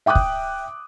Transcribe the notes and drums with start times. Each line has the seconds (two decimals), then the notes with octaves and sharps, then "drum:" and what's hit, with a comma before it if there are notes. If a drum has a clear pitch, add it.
0.06 E5 G5 D6 D#6 F#6
0.15 drum: kick